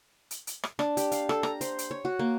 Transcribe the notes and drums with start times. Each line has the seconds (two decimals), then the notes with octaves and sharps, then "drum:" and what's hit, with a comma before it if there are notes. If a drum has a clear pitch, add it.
0.31 drum: hi-hat
0.47 drum: hi-hat
0.63 drum: rim click
0.79 D4, drum: rim click
0.97 G4, drum: hi-hat
1.12 F5, drum: hi-hat
1.29 A4, drum: rim click
1.43 A#5, drum: rim click
1.61 C5, drum: hi-hat
1.78 drum: hi-hat
1.91 C#5
2.05 F#4
2.19 A#3